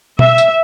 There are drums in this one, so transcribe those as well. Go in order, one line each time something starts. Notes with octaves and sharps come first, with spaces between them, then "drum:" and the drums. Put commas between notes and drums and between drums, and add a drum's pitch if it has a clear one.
E5, drum: tom B2
drum: tambourine